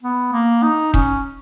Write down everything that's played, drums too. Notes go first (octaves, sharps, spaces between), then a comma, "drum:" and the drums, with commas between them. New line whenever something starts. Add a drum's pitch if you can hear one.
B3
A#3
D#4
C#4, drum: kick E1